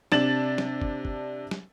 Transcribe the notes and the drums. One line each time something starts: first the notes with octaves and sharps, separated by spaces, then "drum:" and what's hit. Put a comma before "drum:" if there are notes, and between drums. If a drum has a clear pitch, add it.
C3 D4 A6 E7 F#7, drum: snare
drum: snare
drum: kick
drum: kick
drum: snare